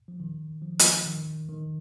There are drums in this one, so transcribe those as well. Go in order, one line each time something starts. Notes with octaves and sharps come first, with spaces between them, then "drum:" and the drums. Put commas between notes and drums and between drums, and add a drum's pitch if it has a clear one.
F3
D#3
F3
drum: hi-hat
D#3
D#3